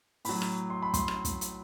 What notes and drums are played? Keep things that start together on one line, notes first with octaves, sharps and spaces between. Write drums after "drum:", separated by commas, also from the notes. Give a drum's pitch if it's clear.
A2 F#3 B5, drum: open hi-hat
drum: rim click
C6
B5
C6, drum: kick, hi-hat
drum: rim click
drum: kick, hi-hat
drum: hi-hat